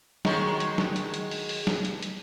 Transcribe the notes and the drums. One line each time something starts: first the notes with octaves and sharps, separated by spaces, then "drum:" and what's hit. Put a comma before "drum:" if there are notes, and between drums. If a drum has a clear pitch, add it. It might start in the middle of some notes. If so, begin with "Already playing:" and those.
D#3 F#3 G#3, drum: snare
drum: hi-hat
drum: snare
drum: hi-hat
drum: hi-hat
drum: open hi-hat
drum: open hi-hat
drum: snare
drum: hi-hat
drum: hi-hat